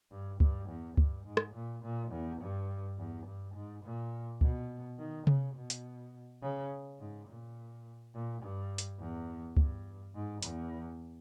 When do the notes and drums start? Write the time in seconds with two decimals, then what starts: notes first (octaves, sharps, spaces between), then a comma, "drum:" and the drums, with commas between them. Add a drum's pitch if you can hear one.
0.11 G2
0.40 G2, drum: kick C#2
0.68 E2
0.98 G2, drum: kick C#2
1.25 G#2
1.37 drum: rim click
1.54 A#2
1.83 A#2
2.11 E2
2.40 G2
2.98 E2
3.26 G2
3.55 G#2
3.83 A#2
4.41 B2, drum: kick C#2
4.98 D#3
5.27 C#3, drum: tom C3
5.55 B2
5.70 drum: hi-hat
6.42 C#3
6.99 G#2
7.28 A#2
8.14 A#2
8.42 G2
8.78 drum: hi-hat
9.00 E2
9.57 G2, drum: kick C#2
10.15 G#2
10.43 E2, drum: hi-hat